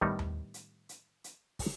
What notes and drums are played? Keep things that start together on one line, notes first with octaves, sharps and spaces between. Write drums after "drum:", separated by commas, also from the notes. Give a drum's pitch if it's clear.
A2 D#3 G3 B3 D#4, drum: kick
drum: tom D#2
drum: hi-hat
drum: hi-hat
drum: hi-hat
drum: kick, open hi-hat